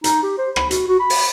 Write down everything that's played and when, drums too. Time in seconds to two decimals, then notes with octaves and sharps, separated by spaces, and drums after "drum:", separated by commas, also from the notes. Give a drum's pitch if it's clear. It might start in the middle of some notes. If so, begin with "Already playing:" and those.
0.04 D#4, drum: hi-hat
0.23 G4
0.38 C5
0.56 B5, drum: rim click
0.71 F#4, drum: hi-hat
0.88 F#4
1.00 B5
1.10 drum: open hi-hat